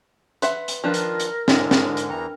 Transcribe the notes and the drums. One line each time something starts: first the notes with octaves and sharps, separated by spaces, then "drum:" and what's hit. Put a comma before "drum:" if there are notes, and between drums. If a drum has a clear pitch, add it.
B4 E5 F#5 C6, drum: hi-hat
drum: hi-hat
D#3 F3 D4 F4 A#4 B4
drum: hi-hat
drum: hi-hat
G#2 D3 G#3 D4 E4 D#5, drum: snare
drum: snare
drum: hi-hat
E2 E3 G5 A#5